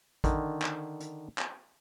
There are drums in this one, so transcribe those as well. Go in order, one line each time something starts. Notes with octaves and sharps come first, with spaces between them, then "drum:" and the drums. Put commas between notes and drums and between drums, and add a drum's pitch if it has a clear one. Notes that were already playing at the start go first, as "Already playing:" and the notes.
D3 D#3, drum: kick A1, hi-hat
drum: clap
drum: hi-hat
drum: clap